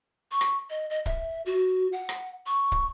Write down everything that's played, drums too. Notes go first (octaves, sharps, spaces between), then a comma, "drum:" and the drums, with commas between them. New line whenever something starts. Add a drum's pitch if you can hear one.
C#6
drum: rim click
D#5
D#5
E5, drum: kick
F#4
F#5
drum: rim click
C#6
drum: kick